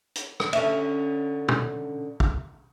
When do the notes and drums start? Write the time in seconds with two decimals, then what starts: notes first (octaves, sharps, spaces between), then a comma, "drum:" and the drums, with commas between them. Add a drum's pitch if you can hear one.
0.16 drum: hi-hat
0.40 drum: rim click
0.53 D3 C#4 E5, drum: cymbal
1.48 drum: tom
2.20 drum: kick